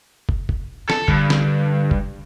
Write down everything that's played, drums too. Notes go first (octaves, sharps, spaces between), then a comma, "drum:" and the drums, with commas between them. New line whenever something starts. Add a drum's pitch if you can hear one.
drum: kick
drum: kick
A4, drum: snare
G2 D3, drum: kick
drum: snare
drum: kick